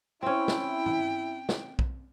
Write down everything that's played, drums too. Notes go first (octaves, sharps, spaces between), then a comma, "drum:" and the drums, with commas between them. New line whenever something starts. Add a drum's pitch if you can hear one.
C4 C#4 E4 G5
drum: snare
drum: tom G2
drum: snare
drum: kick B1